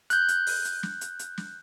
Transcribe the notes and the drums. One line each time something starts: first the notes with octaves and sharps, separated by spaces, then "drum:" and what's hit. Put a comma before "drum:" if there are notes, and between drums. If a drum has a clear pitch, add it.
F#6 G6, drum: hi-hat
drum: hi-hat
drum: open hi-hat
drum: hi-hat
drum: snare
drum: hi-hat
drum: hi-hat
drum: snare